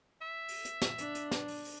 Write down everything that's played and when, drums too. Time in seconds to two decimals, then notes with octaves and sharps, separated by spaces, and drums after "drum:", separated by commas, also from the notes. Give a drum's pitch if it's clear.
0.21 E5
0.48 drum: open hi-hat
0.65 drum: hi-hat
0.82 drum: snare
0.98 D4, drum: hi-hat
1.15 drum: hi-hat
1.31 drum: snare
1.48 drum: open hi-hat
1.65 drum: open hi-hat